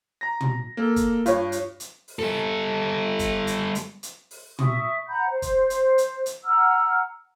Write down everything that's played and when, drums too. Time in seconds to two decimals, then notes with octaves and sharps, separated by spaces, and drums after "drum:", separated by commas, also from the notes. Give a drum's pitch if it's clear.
0.21 A#5 A#6
0.40 drum: tom
0.77 A#3 A4
0.96 drum: kick, hi-hat
1.26 G2 F4 C#5, drum: hi-hat
1.52 drum: hi-hat
1.80 drum: hi-hat
2.08 drum: open hi-hat
2.19 G3 A4
3.19 drum: kick, hi-hat
3.47 drum: hi-hat
3.75 drum: hi-hat
4.03 drum: hi-hat
4.31 drum: open hi-hat
4.59 E5 C#6 D#6, drum: tom
5.08 F#5 A#5 B5 G6
5.29 C5
5.42 drum: kick, hi-hat
5.70 drum: hi-hat
5.98 drum: hi-hat
6.26 drum: hi-hat
6.44 F#5 A#5 E6 F6